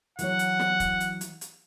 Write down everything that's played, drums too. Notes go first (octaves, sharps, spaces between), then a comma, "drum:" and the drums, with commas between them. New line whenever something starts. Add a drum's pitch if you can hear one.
E3 F#3 C#5 F#5, drum: hi-hat
drum: hi-hat
drum: snare
drum: kick, hi-hat
drum: hi-hat
drum: hi-hat
drum: hi-hat